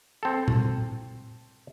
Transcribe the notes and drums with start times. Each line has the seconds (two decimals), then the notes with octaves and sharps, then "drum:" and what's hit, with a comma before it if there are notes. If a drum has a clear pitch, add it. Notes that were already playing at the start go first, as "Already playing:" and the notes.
0.23 C4 A4
0.48 drum: tom A#2